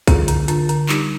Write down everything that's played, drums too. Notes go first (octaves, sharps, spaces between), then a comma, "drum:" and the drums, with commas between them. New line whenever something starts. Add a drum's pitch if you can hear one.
D3 F4 G#4, drum: kick, hi-hat
D3, drum: hi-hat
D3 D4 F4, drum: hi-hat
D3, drum: hi-hat
G3 D#4 G4, drum: clap